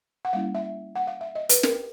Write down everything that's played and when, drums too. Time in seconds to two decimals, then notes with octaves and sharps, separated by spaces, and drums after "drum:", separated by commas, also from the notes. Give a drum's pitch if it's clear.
0.25 F#5
0.33 G3 A#3 C#4 E4 F5
0.55 E5
0.96 F#5
1.07 F5
1.21 E5
1.35 D#5
1.49 B4, drum: hi-hat
1.63 A#4, drum: snare